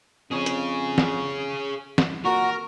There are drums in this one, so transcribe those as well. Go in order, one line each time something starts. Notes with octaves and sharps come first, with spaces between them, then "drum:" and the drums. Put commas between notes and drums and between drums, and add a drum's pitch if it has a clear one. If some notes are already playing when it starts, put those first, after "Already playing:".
F2 C#4 G#4 C#5
drum: hi-hat
drum: snare
C2, drum: snare
A#2 F#4 A#4